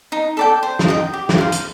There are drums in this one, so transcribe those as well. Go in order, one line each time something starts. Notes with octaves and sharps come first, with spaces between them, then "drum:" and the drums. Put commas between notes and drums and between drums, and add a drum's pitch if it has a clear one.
D#4
A4 D5 G5
C5
drum: snare
D#5 G5
G4
drum: snare
C5 F5
drum: hi-hat